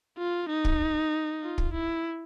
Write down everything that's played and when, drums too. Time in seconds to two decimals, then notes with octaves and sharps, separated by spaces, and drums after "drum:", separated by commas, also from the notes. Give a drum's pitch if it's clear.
0.18 F4
0.50 D#4
0.65 drum: kick
1.43 F4
1.58 drum: kick
1.73 E4